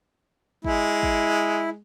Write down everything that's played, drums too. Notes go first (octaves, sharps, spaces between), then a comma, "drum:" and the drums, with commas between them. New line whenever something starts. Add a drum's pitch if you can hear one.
G#3 E4, drum: kick
drum: kick